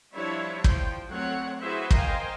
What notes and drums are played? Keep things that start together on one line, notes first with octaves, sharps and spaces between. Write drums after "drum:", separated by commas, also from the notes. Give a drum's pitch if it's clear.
F3 G3 D4 E4 C#5 E5
F3 G5, drum: kick
F#3 A3 C4 C#5 F#5
E4 F#4 G#4 B4 C5 E5
A#4 C5 D#5 F5 G5 G#5, drum: kick